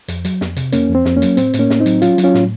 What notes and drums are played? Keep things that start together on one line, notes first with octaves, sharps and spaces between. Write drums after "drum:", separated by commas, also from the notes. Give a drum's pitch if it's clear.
F2, drum: hi-hat
F#3, drum: hi-hat
F2, drum: snare
C3, drum: hi-hat
F2 A#3 C#4, drum: hi-hat
F2
C4
F2, drum: snare
A#3 C#4
F#3, drum: hi-hat
A2 C4, drum: hi-hat
A2, drum: hi-hat
A#3 C#4
A2, drum: snare
C4 D#4
F#3, drum: hi-hat
F#3 C#4 F4, drum: hi-hat
F#3, drum: hi-hat
C#4 F4
A2, drum: snare